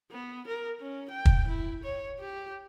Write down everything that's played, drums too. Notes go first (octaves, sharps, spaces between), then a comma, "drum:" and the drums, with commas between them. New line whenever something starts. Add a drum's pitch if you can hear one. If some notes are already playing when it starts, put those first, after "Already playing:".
B3
A#4
C#4
G5
drum: kick
E4
C#5
G4